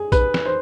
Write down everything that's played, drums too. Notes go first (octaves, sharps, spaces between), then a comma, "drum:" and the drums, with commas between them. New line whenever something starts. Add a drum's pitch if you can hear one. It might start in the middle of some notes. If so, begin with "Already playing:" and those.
Already playing: G#4
B4, drum: kick, tambourine
drum: snare
C5